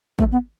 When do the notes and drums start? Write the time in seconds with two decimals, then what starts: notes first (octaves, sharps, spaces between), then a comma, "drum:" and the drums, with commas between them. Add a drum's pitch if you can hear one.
0.19 A3, drum: kick
0.32 B3